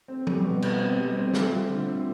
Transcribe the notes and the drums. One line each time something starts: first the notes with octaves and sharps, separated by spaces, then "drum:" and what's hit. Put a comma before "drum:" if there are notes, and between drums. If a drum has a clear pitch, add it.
C4
G3, drum: tom
B2
B2, drum: cymbal
C4
G3
C4
A3, drum: snare
F4
D3
C4